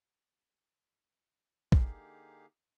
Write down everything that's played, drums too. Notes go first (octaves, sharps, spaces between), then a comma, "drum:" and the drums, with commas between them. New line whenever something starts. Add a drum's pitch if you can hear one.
D3 A#3 D#4 G4 G#4 F5, drum: kick